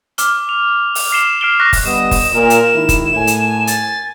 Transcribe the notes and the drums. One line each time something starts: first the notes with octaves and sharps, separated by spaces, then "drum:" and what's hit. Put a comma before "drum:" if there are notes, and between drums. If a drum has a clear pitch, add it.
D6 F6 G7, drum: hi-hat
F7
drum: open hi-hat
D6 F6 C7 C#7 E7 G7
F6 C7 D7 E7 G7
C#6 F6 F#6 A#6 B6
drum: kick F1, open hi-hat
D3 G3 B3 D#5 E7
drum: kick F1, open hi-hat
A#2 A#4
drum: hi-hat
G#1 D#3 E4
drum: kick F1, hi-hat
A2 G#5
drum: hi-hat
A6, drum: hi-hat